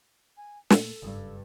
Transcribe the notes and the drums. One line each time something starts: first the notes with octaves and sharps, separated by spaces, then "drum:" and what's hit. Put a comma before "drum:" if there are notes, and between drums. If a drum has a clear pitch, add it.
G#5
A#2 A3 A4, drum: snare
F#1 G2